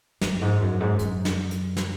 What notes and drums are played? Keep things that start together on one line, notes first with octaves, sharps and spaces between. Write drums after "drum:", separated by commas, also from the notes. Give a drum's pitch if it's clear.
F#2, drum: snare
G#2
F#2
G#2
F#2, drum: hi-hat
drum: snare
drum: hi-hat
drum: snare